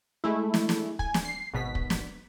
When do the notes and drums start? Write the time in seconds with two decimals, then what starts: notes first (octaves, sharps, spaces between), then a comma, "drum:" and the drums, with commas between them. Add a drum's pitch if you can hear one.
0.24 G#3 A3 E4
0.54 drum: snare
0.69 drum: snare
0.99 G#5, drum: kick
1.14 drum: snare
1.25 C7
1.53 G#1 B2 B6
1.75 drum: kick
1.90 drum: snare